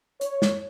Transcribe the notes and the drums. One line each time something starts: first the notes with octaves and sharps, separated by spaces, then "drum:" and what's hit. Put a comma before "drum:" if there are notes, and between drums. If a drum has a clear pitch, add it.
C#5, drum: hi-hat
drum: snare